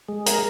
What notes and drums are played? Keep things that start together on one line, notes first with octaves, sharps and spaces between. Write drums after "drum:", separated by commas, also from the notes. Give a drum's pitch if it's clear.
G#3
A#4, drum: hi-hat